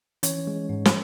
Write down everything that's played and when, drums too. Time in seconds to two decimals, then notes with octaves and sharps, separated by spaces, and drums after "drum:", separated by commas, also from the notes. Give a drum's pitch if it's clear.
0.23 E3 C#4 C#5, drum: hi-hat
0.47 G#3
0.69 G#2
0.85 drum: snare